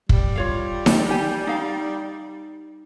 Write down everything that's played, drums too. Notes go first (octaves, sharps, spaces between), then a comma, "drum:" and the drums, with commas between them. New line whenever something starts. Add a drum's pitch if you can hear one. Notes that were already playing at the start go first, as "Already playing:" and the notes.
G3, drum: kick
F4 C#5 F5
drum: snare D#4
G4 G#5
D#4 F5